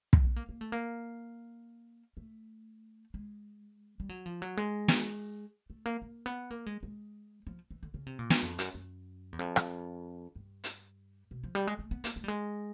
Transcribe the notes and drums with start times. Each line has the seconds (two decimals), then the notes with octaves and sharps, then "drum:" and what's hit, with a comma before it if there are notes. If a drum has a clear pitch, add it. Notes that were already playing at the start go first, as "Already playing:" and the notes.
0.13 drum: kick
0.24 B3
0.36 A#3
0.49 A#3
0.61 A3
0.72 A#3
2.17 A3
3.14 G#3
4.00 G3
4.09 F#3
4.26 F3
4.42 F#3
4.57 G#3
4.88 drum: snare
5.70 A3
5.86 A#3
6.02 A#3
6.26 B3
6.51 A#3
6.66 G#3
6.83 G#3
7.47 F3
7.71 E3
7.83 D3
7.94 C#3
8.06 C3
8.19 A#2
8.30 G#2, drum: snare
8.42 F2
8.59 F#2, drum: hi-hat
8.75 F#2
9.32 E2
9.39 F2
9.56 drum: rim click
10.36 G2
10.64 drum: hi-hat
11.31 B2
11.44 F3
11.55 G3
11.67 G#3
11.79 A3
11.91 B3
12.04 A#3, drum: hi-hat
12.16 A3
12.24 G3
12.28 G#3